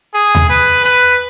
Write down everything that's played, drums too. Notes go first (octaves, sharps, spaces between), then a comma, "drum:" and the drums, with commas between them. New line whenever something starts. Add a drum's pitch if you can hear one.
G#4
drum: tom D#2
B4
B4, drum: hi-hat